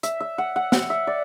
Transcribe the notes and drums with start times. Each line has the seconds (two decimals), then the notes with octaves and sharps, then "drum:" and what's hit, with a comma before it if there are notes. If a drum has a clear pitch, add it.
0.03 E5, drum: hi-hat
0.20 E5
0.38 F#5
0.56 F#5
0.72 F#5, drum: snare
0.90 E5
1.07 D5